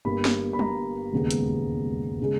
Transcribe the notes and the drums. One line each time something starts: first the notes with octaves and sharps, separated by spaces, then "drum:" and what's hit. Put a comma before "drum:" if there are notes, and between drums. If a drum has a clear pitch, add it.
G1 G2 G3 A#3 B5
drum: snare
B5
A#5, drum: tom
E1 D#2 C#3 G#3 B3
drum: hi-hat
C#3 G#3